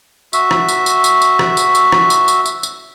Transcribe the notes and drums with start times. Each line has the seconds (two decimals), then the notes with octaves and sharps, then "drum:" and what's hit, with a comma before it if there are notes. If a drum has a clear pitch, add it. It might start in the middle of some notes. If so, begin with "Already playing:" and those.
0.33 F#4 E5, drum: tambourine
0.51 drum: rim click
0.68 drum: tambourine
0.86 drum: tambourine
1.04 drum: tambourine
1.22 drum: tambourine
1.39 drum: rim click
1.57 drum: tambourine
1.75 drum: tambourine
1.92 drum: rim click
2.10 drum: tambourine
2.28 drum: tambourine
2.46 drum: tambourine
2.63 drum: tambourine